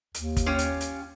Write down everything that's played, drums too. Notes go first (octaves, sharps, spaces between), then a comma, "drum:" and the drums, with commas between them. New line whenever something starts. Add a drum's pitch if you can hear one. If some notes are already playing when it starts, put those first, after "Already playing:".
D#2, drum: hi-hat
drum: kick, hi-hat
C#4 F4 G4
drum: hi-hat
drum: hi-hat